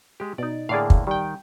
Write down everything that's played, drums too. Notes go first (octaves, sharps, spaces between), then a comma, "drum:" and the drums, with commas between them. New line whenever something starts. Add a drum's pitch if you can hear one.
G#3 G4
B2 D#4 D5
A2 D3 A#3 G#4 D5 F5
drum: kick
D#3 G3 G5